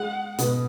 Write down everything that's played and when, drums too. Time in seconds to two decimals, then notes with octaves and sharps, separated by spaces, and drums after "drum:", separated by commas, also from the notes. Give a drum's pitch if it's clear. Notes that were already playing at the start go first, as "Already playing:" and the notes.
Already playing: G#3 G#4 F#5
0.38 B2 B3, drum: hi-hat